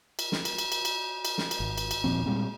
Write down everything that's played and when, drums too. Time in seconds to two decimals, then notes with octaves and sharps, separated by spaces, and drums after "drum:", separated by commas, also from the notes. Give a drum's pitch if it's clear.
0.19 drum: cymbal
0.32 drum: snare
0.45 drum: cymbal
0.58 drum: cymbal
0.72 drum: cymbal
0.85 drum: cymbal
1.25 drum: cymbal
1.38 drum: snare
1.51 drum: cymbal
1.60 G#1
1.78 drum: cymbal
1.91 drum: cymbal
2.04 D#1 A#2 F3 C4
2.26 A#2 G3 G#3 C4